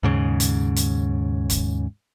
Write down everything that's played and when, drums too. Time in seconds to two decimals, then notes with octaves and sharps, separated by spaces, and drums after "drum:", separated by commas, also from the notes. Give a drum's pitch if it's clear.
0.03 D#2 G#2 C#3
0.40 drum: hi-hat
0.76 drum: hi-hat
1.50 drum: kick, hi-hat